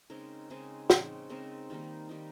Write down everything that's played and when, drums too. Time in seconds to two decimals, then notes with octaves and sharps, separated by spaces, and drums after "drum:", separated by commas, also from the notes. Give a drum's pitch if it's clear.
0.10 C#3 G#3 C4 D#4 A#4
0.50 C#3 G#3 C4 D#4 G#4
0.90 C#3 G#3 C4 D#4, drum: snare
1.30 C#3 G#3 C4 D#4 A#4
1.70 D#3 G3 A#3 D#4
2.09 D#3 G3 A#3 D#4